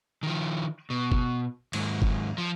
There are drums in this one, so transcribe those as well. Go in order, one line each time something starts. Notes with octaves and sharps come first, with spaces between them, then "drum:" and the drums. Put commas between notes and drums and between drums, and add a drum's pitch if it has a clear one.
D#3 F3
B2
drum: kick F#1
D#2 G#2, drum: cymbal
drum: kick F#1
F3